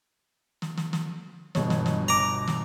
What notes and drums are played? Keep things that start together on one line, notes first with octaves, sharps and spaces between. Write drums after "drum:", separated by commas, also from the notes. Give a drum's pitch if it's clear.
drum: snare
drum: snare
drum: snare
G1 B2 C#5, drum: snare
drum: snare
drum: snare
A#5 D6
drum: snare